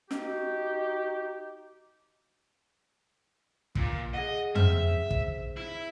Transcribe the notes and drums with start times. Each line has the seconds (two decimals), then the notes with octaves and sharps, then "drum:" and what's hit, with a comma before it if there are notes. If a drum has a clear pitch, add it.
0.11 D#4 F#4 G4, drum: snare
3.75 A#2, drum: kick
4.14 G#4 D#5 F#5
4.55 C4 C5 E5 F6, drum: tom
5.11 drum: kick
5.56 E4